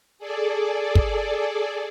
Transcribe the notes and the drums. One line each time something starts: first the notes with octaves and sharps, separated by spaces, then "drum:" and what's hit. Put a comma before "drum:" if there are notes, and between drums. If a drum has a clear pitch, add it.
G#4 A4 D5
drum: kick